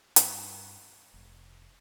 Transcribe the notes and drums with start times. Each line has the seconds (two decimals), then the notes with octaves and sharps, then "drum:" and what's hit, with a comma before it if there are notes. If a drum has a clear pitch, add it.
0.16 G2, drum: hi-hat
1.14 F1